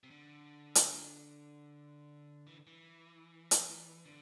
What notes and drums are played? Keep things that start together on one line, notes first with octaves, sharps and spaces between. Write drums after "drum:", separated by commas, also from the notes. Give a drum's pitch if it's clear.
C3
D3
drum: hi-hat
E3
E3
drum: hi-hat
D3